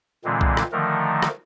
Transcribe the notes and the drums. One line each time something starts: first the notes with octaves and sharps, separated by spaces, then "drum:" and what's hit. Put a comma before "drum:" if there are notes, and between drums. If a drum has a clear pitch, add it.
A#2 D3 E3 G#3 C4
drum: kick B1
drum: rim click
D3 D#3 F3 A3 A#4
drum: rim click